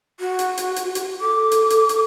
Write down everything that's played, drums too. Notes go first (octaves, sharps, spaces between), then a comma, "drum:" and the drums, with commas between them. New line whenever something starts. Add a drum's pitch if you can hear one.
F#4
drum: hi-hat
drum: hi-hat
drum: hi-hat
drum: hi-hat
A4 D6
drum: hi-hat
drum: hi-hat
drum: hi-hat